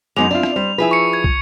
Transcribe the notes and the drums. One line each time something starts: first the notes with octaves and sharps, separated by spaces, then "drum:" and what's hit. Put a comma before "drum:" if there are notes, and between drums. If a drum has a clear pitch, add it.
F#2 F#3 G#3 B3 D#4 D6 F7
C4 D4 E4 F4
drum: rim click
G3 C5
F3 E4 G#4 B4
C#6 C#7
G#6
drum: kick